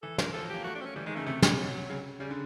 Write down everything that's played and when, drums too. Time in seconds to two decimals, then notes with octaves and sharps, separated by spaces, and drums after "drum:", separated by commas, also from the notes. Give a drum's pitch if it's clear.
0.03 E3 A4
0.18 A#4, drum: snare
0.33 F3 A4
0.44 F#3
0.50 A#3 G4
0.64 A3 F#4
0.75 D4
0.81 C4
0.86 C#4
0.96 E3 G3
1.06 D#3 G#3
1.16 C#3 A3
1.27 C3 A3
1.42 G#3, drum: snare
1.58 F#3
1.90 C#3
2.20 C#3 G3
2.31 D3